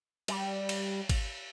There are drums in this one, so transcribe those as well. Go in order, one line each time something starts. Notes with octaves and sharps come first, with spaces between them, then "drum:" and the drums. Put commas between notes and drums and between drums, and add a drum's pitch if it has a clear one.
G3, drum: cymbal
drum: cymbal
drum: kick, cymbal